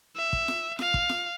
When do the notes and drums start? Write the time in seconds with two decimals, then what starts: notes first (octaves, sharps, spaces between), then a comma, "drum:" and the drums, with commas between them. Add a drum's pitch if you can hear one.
0.16 E5
0.33 drum: kick
0.48 drum: snare F4
0.79 F5, drum: snare F4
0.94 drum: kick
1.09 drum: snare F4